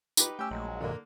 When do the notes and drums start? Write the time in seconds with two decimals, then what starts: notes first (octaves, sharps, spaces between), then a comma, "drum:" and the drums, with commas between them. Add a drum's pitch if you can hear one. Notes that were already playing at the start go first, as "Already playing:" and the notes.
0.17 D#4 F4 G4 B4, drum: tambourine
0.39 A3 C#4 G4 G5 E6
0.51 A#1 F#3 G#3
0.81 G2 B2 D3 D#3 A#3